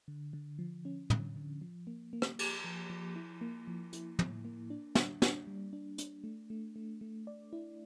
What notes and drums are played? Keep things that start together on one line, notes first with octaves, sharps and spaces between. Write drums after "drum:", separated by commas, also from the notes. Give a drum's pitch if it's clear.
D3
D3
F3
C#4
D3, drum: tom
D3
F3
A#3
A#3
drum: rim click
G4, drum: cymbal
F3
F3
E4
A#3
F3
E4, drum: hi-hat
A2, drum: tom
A#3
D4
D4, drum: snare
D4, drum: snare
G3
D4
D4, drum: hi-hat
A3
A3
A3
A3
D5
E4